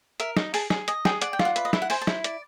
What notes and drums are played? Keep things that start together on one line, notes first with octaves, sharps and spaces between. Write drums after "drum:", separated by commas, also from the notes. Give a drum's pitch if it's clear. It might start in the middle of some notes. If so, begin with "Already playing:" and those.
A#4 E5, drum: hi-hat
D#4, drum: snare
G#4 A5, drum: open hi-hat
G#4, drum: snare
D#5 G#5, drum: hi-hat
G#4 G5, drum: snare
D5 F#5, drum: hi-hat
G5
F4, drum: snare
F#5
B4 E5, drum: hi-hat
D#5
E4 E5, drum: snare
F#5
C5 G#5, drum: open hi-hat
A5
E4, drum: snare
D5, drum: hi-hat